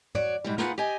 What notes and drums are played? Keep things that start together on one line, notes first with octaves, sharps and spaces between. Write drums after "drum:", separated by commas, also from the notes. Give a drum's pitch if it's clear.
F#4 C#5 D5, drum: tom
G#2 B2 G3
A#3 D#4 F4 G#4 B4 F#5, drum: snare
G4 D#5 G#5